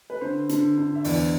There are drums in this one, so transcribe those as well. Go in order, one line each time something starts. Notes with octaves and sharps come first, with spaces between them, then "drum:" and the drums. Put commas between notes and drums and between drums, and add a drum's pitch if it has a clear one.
B4
D3 C5
D3, drum: hi-hat
D3
E5
E2 D5, drum: open hi-hat